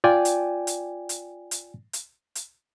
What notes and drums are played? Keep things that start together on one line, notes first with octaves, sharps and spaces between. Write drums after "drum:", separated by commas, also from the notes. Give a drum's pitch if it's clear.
F4 D5 G5 G#5
drum: hi-hat
drum: hi-hat
drum: hi-hat
drum: hi-hat
drum: hi-hat
drum: hi-hat